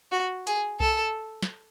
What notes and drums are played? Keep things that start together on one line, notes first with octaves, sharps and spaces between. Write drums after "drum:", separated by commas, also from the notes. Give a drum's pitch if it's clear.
F#4
G#4, drum: hi-hat
A4, drum: kick C2
drum: snare